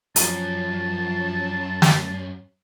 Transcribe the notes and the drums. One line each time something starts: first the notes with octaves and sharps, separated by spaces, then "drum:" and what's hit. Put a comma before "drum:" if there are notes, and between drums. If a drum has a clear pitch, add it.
F#2 F3 A5, drum: hi-hat
drum: snare